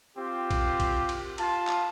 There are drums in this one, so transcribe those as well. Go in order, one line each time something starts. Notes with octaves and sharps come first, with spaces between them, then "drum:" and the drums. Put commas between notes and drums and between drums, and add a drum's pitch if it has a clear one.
C4 F4 G4
drum: kick A#1, cymbal
drum: kick A#1, cymbal
drum: cymbal
F4 A5, drum: cymbal
drum: clap